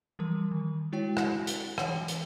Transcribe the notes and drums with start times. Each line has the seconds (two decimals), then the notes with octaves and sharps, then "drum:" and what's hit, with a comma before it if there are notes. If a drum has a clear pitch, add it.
0.19 E3 F3 G3 A#4
0.51 D#3
0.92 G#3 E4 F#4 C#5 G5
1.17 drum: rim click
1.47 drum: hi-hat
1.78 E3 C#5 G5 G7, drum: rim click
2.08 drum: hi-hat